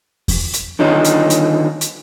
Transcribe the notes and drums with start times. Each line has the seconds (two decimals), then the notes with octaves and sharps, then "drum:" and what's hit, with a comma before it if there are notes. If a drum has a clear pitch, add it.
0.28 drum: kick E2, open hi-hat
0.54 drum: hi-hat
0.79 D3 D#3 D#4 F4 C#5
1.05 drum: hi-hat
1.30 drum: hi-hat
1.81 drum: hi-hat